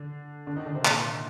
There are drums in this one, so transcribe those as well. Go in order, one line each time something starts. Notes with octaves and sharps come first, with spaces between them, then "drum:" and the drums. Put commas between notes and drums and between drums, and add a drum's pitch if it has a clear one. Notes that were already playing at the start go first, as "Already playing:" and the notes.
Already playing: D3 D4
D3 D4
D#3 D#4
D3 D4
C3 C4
A#2 A#3, drum: clap